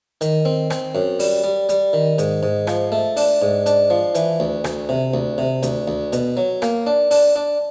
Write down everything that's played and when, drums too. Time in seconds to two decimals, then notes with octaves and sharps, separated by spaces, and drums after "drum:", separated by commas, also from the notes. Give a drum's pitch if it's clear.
0.21 D#3, drum: hi-hat
0.45 C4
0.70 C4, drum: rim click
0.95 F#2
1.20 G3, drum: open hi-hat
1.44 G3
1.69 G3, drum: hi-hat
1.93 D#3
2.18 G#2, drum: hi-hat
2.43 G#2
2.67 F3, drum: rim click
2.92 A3
3.17 D4, drum: open hi-hat
3.42 G#2
3.66 D4, drum: hi-hat
3.90 F3
4.15 E3, drum: hi-hat
4.40 D2
4.64 D2, drum: rim click
4.89 C3
5.14 D2
5.38 C3
5.63 D2, drum: hi-hat
5.88 D2
6.13 B2, drum: hi-hat
6.37 F#3
6.62 A#3, drum: rim click
6.87 D4
7.11 D4, drum: open hi-hat
7.36 D4